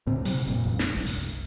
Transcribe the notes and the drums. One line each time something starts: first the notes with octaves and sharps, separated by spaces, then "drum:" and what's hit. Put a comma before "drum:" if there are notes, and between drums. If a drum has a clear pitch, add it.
D2 A2 C4
C3 F#3, drum: open hi-hat
F#1 F2 A#2 C4
E1 A1 F2
drum: snare
F#1 C2
drum: open hi-hat